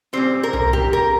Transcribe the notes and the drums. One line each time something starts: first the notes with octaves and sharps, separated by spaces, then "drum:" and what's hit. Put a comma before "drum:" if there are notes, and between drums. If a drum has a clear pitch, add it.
A#2 G3 C4 C5
A#4
drum: tom C2
G4, drum: kick
A#4